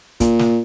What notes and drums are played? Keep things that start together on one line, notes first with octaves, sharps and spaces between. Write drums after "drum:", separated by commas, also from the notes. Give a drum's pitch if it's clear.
A#2, drum: kick, hi-hat
drum: snare